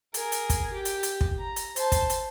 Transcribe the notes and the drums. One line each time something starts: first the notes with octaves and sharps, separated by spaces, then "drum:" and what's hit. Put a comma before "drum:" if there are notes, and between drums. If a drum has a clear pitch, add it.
G#4 A#4, drum: hi-hat
drum: hi-hat
drum: kick, hi-hat
G4
drum: hi-hat
drum: hi-hat
drum: kick
A#5
drum: hi-hat
C5 A5, drum: hi-hat
drum: kick, hi-hat
drum: hi-hat